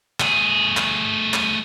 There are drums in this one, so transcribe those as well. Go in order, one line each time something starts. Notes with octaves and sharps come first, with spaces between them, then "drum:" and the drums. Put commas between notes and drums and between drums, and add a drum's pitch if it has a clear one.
A3 G#4, drum: clap
drum: clap
drum: clap